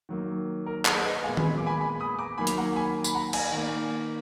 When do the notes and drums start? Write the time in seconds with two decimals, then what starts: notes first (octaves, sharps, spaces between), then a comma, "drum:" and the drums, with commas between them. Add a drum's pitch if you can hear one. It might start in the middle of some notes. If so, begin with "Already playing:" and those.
0.09 D#3 F#3 A#3
0.66 A#4
0.85 G#4 B4, drum: clap
1.04 B4 D#5
1.23 A#2 G#3 B3 F5 G#5
1.37 G#5 B5, drum: tom D#3
1.58 D6
1.66 G#5 B5
1.80 G#5 B5
2.00 B5 D#6
2.19 A#5 D6
2.38 D#3 F#3 A#3 G#5 B5
2.47 drum: hi-hat
2.58 F#5 A#5
2.76 G#5 B5
3.04 B5, drum: tambourine
3.15 F#5 A#5
3.33 F5 G#5, drum: cymbal
3.52 D#3 A#3